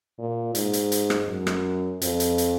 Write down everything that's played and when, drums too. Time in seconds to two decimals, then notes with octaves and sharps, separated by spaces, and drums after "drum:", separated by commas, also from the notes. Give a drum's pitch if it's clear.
0.19 A#2
0.55 G#2, drum: hi-hat
0.73 drum: hi-hat
0.92 drum: hi-hat
1.10 drum: rim click
1.28 F#2
1.47 drum: rim click
2.02 F2, drum: hi-hat
2.20 drum: hi-hat
2.38 drum: hi-hat